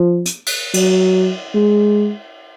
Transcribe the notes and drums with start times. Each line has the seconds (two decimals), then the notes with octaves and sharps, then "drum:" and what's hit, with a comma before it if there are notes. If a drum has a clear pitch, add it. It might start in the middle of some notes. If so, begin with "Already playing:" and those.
Already playing: F3
0.26 drum: hi-hat
0.46 drum: cymbal
0.74 F#3, drum: cymbal
1.55 G#3